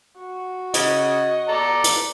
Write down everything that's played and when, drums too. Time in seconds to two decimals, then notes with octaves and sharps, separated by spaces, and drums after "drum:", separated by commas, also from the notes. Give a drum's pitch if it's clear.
0.19 F#4
0.74 C#3 D#5, drum: hi-hat
1.49 A4 D5 A#5
1.84 drum: hi-hat